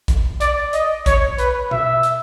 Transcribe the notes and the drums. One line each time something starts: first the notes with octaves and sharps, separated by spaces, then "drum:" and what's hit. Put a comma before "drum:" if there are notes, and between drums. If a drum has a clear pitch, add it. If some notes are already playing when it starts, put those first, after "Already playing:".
drum: kick, hi-hat
D5, drum: hi-hat
D#5, drum: hi-hat
C#5, drum: kick, hi-hat
B4, drum: hi-hat
E5, drum: tom B2
drum: hi-hat